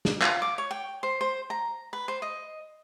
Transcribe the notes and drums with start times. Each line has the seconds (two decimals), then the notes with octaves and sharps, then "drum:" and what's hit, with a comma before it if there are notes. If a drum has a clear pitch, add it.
0.05 drum: snare
0.22 F4, drum: clap
0.42 D6
0.58 C#5
0.71 G5
1.03 C5
1.21 C5
1.50 A#5
1.93 B4
2.08 C5
2.22 D#5